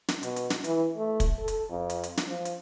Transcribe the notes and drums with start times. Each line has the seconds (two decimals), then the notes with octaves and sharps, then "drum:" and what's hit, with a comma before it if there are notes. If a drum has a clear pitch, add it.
0.08 drum: snare
0.23 B2, drum: hi-hat
0.36 drum: hi-hat
0.50 drum: snare
0.64 E3, drum: hi-hat
0.97 A3
1.20 drum: kick, hi-hat
1.39 A4
1.48 drum: hi-hat
1.70 F2
1.90 drum: hi-hat
2.04 drum: hi-hat
2.17 drum: snare
2.27 F3
2.45 drum: hi-hat